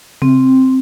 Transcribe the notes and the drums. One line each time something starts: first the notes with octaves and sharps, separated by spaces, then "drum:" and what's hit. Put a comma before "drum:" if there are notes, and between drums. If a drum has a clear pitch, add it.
C4, drum: tom C3